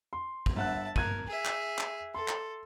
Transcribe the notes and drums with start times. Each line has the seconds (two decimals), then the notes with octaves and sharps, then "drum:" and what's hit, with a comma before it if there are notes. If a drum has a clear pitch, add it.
0.13 C6
0.46 drum: kick
0.56 G1 E5 F#5 A5 F#6
0.96 A#4 F#6 G#6 D#7, drum: kick
1.27 G#4 E5
1.45 drum: clap
1.78 drum: clap
2.15 A4 C6
2.28 drum: clap